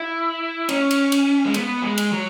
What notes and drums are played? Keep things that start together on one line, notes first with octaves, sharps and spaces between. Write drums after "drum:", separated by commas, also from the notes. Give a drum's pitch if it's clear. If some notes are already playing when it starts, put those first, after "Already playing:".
Already playing: E4
C#4, drum: cymbal
drum: cymbal
drum: cymbal
G#3
B3, drum: cymbal
G#3
drum: cymbal
F#3